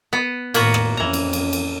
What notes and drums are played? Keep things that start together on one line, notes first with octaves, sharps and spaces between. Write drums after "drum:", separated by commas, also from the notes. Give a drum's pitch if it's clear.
B3
A2 D#3 A#3 B3 F#4, drum: cymbal
drum: rim click
F2 E3 C#4 A#5
drum: cymbal
drum: cymbal
drum: cymbal